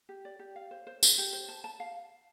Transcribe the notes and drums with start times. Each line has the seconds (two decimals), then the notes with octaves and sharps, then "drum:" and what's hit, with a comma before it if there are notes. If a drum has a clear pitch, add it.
0.09 G4
0.25 D5
0.39 G4
0.56 F5
0.71 C5
0.87 C5
1.03 C5, drum: tambourine
1.18 G4
1.33 C5
1.48 A5
1.64 A5
1.80 F5